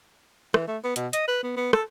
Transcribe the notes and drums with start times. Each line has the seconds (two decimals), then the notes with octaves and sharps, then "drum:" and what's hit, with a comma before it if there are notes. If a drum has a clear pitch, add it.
0.54 E3, drum: rim click
0.68 A3
0.84 B3
0.96 B2, drum: hi-hat
1.13 D#5, drum: hi-hat
1.28 B4
1.44 B3
1.57 B3
1.73 A4, drum: rim click